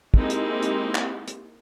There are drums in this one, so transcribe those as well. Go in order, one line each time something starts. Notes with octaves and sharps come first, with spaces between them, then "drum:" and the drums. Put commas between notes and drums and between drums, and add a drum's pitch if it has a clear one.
G#3 A#3 C4 D#4 E4 G4, drum: kick
drum: hi-hat
drum: hi-hat
drum: clap
drum: hi-hat